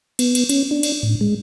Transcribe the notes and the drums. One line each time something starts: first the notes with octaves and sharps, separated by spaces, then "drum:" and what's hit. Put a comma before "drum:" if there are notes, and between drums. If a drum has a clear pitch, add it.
B3, drum: cymbal
drum: cymbal
C#4, drum: cymbal
D4
drum: cymbal
A2
G#3